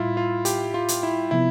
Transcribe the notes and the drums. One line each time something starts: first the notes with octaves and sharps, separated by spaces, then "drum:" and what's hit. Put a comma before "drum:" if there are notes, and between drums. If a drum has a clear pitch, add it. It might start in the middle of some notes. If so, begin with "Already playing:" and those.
Already playing: A2 G3 E4 F4
F4
G4, drum: hi-hat
F4
drum: hi-hat
E4
C3 F3 B3 E4